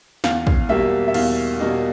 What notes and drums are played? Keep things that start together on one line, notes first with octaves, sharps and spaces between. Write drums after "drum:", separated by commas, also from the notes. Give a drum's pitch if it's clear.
E2 F5, drum: snare
drum: kick
B2 G3 A#3 E5
E5
E2 F5, drum: cymbal
B2 G3 A#3 D#5